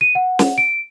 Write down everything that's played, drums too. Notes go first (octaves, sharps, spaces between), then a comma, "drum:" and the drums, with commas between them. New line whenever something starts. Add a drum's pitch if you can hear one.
D#7
F#5
drum: snare
D7